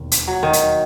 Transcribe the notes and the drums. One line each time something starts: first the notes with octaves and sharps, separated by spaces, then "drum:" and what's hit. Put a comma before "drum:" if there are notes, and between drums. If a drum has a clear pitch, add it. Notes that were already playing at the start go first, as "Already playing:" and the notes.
Already playing: E1 D#2 D#3
drum: hi-hat
F#3
D#3
drum: hi-hat